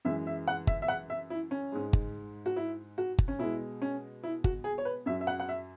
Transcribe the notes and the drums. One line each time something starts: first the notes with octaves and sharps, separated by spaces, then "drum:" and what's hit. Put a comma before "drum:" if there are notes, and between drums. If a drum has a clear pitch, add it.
F#2 E3 G#3 E5
E5
F#5
E5, drum: kick G1
E5
F#5
E5
E4
C#4
G#2 G#3
drum: kick G1
F#4
E4
F#4
drum: kick G1
C#4
B2 G#3 E4
C#4
E4
F#4, drum: kick G1
G#4
C#5
B4
F#2 F#3 E5
E5
F#5
F#5
E5